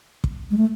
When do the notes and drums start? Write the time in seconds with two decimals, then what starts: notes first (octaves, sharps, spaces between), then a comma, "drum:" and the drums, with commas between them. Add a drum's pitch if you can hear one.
0.24 drum: kick
0.51 G#3
0.57 A3